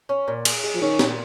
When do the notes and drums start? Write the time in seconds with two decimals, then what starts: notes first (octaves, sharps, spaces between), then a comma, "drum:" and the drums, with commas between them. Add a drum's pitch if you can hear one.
0.09 C#4
0.28 A#2
0.45 G#4, drum: cymbal
0.64 G#3
0.74 F3
0.81 D#3 C#4
0.99 A#2, drum: snare